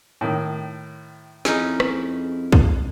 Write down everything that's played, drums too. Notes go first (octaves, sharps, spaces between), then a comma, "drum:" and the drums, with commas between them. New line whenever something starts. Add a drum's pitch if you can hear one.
A2 D#3
F2 C#4 D#4 E4 G#4, drum: snare
drum: rim click
drum: kick